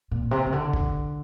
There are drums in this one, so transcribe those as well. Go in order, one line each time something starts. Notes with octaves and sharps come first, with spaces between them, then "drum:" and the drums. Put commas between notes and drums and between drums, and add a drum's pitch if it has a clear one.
A#2
C3
C#3
D3
drum: kick